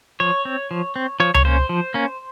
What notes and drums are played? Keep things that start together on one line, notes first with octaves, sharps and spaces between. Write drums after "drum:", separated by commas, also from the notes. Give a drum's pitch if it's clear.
F3 C#5
C4
F3
C4
F3 C#5
C#5, drum: tom C#2
A#3 C#4 C5
F3
A#3 C#4